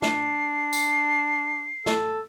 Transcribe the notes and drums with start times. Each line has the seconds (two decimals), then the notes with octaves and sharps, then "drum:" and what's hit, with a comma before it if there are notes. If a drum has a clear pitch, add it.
0.02 D4 C7, drum: snare
0.73 drum: tambourine
1.86 A4, drum: snare